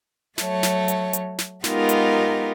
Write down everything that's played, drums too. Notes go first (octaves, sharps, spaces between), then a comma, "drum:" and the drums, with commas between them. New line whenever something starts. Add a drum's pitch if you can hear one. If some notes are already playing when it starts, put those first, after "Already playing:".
F#3 A3 C#5, drum: snare
drum: snare
drum: hi-hat
drum: hi-hat
drum: snare
G#3 B3 D#4 F4 G4 A#4, drum: snare
drum: hi-hat